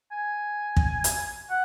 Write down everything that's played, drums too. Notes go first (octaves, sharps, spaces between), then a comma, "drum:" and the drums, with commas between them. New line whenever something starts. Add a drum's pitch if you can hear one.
G#5
drum: kick
drum: hi-hat
F#5